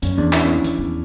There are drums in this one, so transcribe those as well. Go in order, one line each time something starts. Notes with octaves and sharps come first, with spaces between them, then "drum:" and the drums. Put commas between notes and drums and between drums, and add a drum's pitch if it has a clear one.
F#2 C#4, drum: hi-hat
E2 D4
C#4 E4, drum: clap
E2, drum: hi-hat
E2